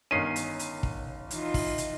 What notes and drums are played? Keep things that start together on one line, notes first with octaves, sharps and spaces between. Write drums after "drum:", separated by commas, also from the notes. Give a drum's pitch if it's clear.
G1 D#3 C#4 C7 D#7
drum: hi-hat
drum: hi-hat
drum: kick
E3 D#4 F4, drum: hi-hat
drum: kick, open hi-hat
drum: hi-hat